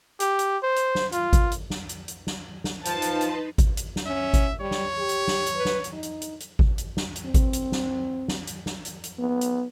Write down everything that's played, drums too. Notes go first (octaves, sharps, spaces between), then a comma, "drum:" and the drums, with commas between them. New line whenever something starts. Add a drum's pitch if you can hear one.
G4, drum: hi-hat
drum: hi-hat
C5
drum: hi-hat
drum: snare
F4, drum: hi-hat
drum: kick G#1, hi-hat
drum: hi-hat
drum: snare
drum: hi-hat
drum: hi-hat
drum: snare
drum: snare
F3 D#4 B4 A5 C6, drum: hi-hat
drum: hi-hat
drum: hi-hat
drum: kick G#1, hi-hat
drum: hi-hat
drum: snare
C#4 E5
drum: kick G#1, hi-hat
G3 C#5
drum: snare
G4
drum: hi-hat
drum: snare
drum: hi-hat
B4
drum: snare
drum: hi-hat
D#4
drum: hi-hat
drum: hi-hat
drum: hi-hat
drum: kick G#1
drum: hi-hat
drum: snare
drum: hi-hat
C4
drum: kick G#1, hi-hat
drum: hi-hat
drum: snare
drum: snare
drum: hi-hat
drum: snare
drum: hi-hat
drum: hi-hat
B3
drum: hi-hat